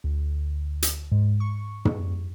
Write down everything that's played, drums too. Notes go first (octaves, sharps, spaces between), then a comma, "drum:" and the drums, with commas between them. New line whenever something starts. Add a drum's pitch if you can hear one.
D2
drum: hi-hat
G#2
C#6
drum: tom